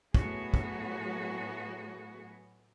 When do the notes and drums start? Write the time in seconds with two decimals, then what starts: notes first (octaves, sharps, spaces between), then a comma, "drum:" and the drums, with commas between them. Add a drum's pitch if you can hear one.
0.14 A2 F#3 B3 F#4 G#4, drum: kick
0.54 drum: kick